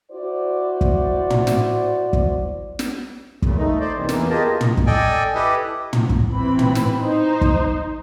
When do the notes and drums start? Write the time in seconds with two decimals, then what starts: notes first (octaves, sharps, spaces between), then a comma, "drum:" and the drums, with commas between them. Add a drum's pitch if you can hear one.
0.11 E4 F#4 C5 D5
0.81 drum: kick
1.30 drum: tom
1.47 drum: snare
2.13 drum: kick
2.79 drum: snare
3.42 E2 A#2 C#3, drum: kick
3.58 A3 D#4
3.80 C5 D5
3.95 A2 C3 D#3 E3 A#3
4.09 E2 E3 A#3, drum: snare
4.30 F4 G4 G#4 A#4 D#5 A5
4.61 drum: tom
4.77 drum: kick
4.87 A4 D5 D#5 G5 G#5
5.35 E4 G4 A4 B4 D#5
5.93 drum: tom
6.09 drum: kick
6.31 E3 C4 B5
6.59 drum: tom
6.75 drum: snare
6.99 D#4 C5
7.41 drum: kick